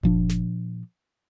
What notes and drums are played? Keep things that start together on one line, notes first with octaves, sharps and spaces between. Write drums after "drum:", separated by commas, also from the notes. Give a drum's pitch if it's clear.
A#2 F3 D4, drum: kick F#1
drum: snare